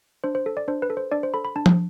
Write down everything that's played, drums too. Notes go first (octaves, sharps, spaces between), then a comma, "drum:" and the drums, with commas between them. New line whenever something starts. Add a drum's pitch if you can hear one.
D4 C5
C5
A4
D5
D4 C5
B4
A4
C5
D4 D5
C5
A4 B5
B5
D4 A5
drum: tom F3